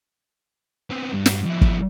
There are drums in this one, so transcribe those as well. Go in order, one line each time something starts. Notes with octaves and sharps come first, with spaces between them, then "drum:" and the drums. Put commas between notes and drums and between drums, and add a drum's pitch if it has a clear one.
B3 C4
G2
drum: snare
F2 E4
drum: kick